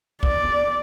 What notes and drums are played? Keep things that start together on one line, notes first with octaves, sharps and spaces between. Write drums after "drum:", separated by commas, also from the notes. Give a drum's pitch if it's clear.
D5, drum: kick